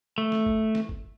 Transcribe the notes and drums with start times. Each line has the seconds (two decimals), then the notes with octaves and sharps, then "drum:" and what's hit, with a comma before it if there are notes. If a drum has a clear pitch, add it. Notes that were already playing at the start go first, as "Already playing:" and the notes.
0.18 A3
0.32 drum: snare
0.46 drum: kick
0.75 drum: snare
0.89 drum: kick